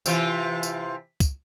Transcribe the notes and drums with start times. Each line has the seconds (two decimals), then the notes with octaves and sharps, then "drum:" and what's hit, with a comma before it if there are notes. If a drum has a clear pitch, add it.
0.06 C3 E3 F4, drum: tambourine
0.63 drum: tambourine
1.20 drum: kick, tambourine